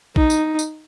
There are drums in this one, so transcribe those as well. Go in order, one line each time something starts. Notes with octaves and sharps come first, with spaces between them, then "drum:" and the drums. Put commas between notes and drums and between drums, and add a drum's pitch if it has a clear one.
D#4, drum: kick
drum: tambourine
drum: tambourine